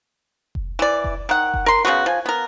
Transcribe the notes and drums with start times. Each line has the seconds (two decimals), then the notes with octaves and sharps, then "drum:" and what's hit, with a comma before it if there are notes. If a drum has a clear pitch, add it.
0.55 drum: kick F1
0.79 E3 D5
1.04 drum: kick F1
1.29 D#3 F#5
1.54 drum: kick F1
1.66 A#4 C6
1.85 C#3 G#3 B3 F#4
2.06 F3 G#5
2.26 B3 A#4